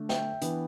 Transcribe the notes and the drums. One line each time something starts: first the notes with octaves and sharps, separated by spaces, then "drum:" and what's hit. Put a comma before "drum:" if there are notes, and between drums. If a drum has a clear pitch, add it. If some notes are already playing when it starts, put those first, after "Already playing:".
Already playing: D3 A3 D4
E5 G5, drum: snare
E3 B3 D4, drum: hi-hat